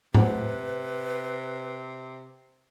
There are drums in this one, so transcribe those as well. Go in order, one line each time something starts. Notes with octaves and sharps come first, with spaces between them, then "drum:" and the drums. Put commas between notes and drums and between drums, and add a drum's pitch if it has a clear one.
C3 B4 C5 F#5, drum: tom G#2